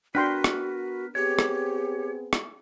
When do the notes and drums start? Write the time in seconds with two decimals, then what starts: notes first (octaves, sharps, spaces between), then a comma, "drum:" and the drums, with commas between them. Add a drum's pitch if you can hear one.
0.15 B3 D4 F#4 A#4 B4 G5 C6
0.44 drum: rim click
1.15 B3 C4 G4 G#4 C#5
1.39 drum: rim click
2.33 drum: rim click